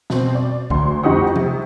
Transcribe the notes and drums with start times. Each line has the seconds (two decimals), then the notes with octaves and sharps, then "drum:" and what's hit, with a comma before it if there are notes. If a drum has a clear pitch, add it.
0.10 B2 C4, drum: snare
0.35 D5
0.70 D2 C6, drum: kick C2
1.03 F2 D#4 G4 F#5 C#6 D#6
1.36 C3, drum: tom F3